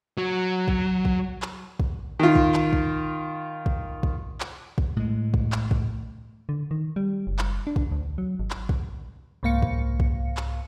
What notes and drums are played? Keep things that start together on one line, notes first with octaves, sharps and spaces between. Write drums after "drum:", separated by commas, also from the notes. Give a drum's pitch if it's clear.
F#3
drum: kick
drum: kick
drum: clap
drum: kick
D#3 F4
drum: kick
drum: clap
drum: kick
drum: kick
drum: kick
drum: clap
drum: kick
A2 G#3
drum: kick
drum: clap
drum: kick
D3
D#3
G3
F#1
drum: clap
D4
drum: kick
D2
F#3
G#1
drum: clap
drum: kick
C2 G#2 A#3 F5 C#7
drum: kick
drum: kick
drum: clap